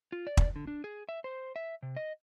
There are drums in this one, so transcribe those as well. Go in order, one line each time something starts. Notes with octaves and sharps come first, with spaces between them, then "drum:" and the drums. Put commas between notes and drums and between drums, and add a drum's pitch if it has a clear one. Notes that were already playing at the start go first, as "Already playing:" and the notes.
F4
D5
drum: kick
D3
D4
G#4
E5
C5
E5
C3
D#5